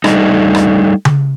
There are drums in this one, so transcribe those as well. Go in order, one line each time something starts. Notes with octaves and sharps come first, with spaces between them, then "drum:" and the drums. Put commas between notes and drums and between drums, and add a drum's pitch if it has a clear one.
G3 A3 D4 D#4, drum: rim click
drum: rim click
drum: tom C#3